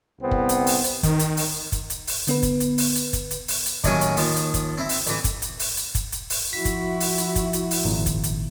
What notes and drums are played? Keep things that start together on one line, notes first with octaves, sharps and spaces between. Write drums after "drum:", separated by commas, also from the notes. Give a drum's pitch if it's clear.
C2 B3 C4
drum: kick
drum: hi-hat
drum: open hi-hat
drum: hi-hat
D#3, drum: kick, hi-hat
drum: hi-hat
drum: open hi-hat
drum: kick, hi-hat
drum: hi-hat
drum: open hi-hat
D3 B3 B4, drum: hi-hat
drum: kick, hi-hat
drum: hi-hat
drum: open hi-hat
drum: hi-hat
drum: kick, hi-hat
drum: hi-hat
drum: open hi-hat
drum: hi-hat
D#2 A2 F#3 C#4 G#5, drum: kick, hi-hat
drum: hi-hat
D#2 F3, drum: open hi-hat
drum: hi-hat
drum: kick, hi-hat
C4 E4
drum: open hi-hat
A1 E3, drum: hi-hat
drum: kick, hi-hat
drum: hi-hat
drum: open hi-hat
drum: hi-hat
drum: kick, hi-hat
drum: hi-hat
drum: open hi-hat
F3 E4 F#4 B6
drum: kick, hi-hat
drum: open hi-hat
drum: hi-hat
drum: kick, hi-hat
drum: hi-hat
drum: open hi-hat
G#1 A#2
drum: kick, hi-hat
drum: hi-hat